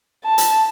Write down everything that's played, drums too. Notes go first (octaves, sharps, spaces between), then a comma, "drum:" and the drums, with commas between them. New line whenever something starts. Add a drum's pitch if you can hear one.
A5
drum: hi-hat